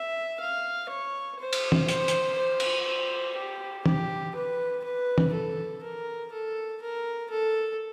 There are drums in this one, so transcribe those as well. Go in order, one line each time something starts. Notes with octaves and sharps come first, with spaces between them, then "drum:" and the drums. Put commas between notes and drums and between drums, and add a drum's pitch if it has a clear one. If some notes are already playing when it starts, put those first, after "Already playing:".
Already playing: E5
F5
C#5
C5
drum: cymbal
drum: tom
C5, drum: hi-hat
drum: hi-hat
C5
drum: cymbal
C5
G4
G4, drum: tom
B4
B4
drum: tom
A4
A#4
A4
A#4
A4